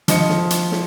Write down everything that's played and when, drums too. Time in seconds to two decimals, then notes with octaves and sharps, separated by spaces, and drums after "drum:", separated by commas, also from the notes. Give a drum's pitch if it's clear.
0.08 F3 D#5 C#7, drum: hi-hat
0.29 drum: snare
0.50 drum: hi-hat
0.72 drum: snare